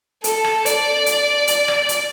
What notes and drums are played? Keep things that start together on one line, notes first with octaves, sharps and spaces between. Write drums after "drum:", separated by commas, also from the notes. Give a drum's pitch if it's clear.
A4, drum: hi-hat
drum: rim click
D5, drum: hi-hat
drum: hi-hat
drum: hi-hat
drum: rim click
drum: hi-hat